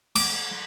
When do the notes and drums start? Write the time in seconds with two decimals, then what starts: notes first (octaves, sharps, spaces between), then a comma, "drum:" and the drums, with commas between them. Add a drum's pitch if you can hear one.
0.16 D6, drum: cymbal